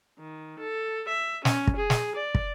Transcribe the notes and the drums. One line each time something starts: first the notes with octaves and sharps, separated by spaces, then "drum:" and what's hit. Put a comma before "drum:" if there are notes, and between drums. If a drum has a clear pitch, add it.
D#3
A4
E5
C#4, drum: snare
drum: kick
G#4
drum: snare
D5
drum: kick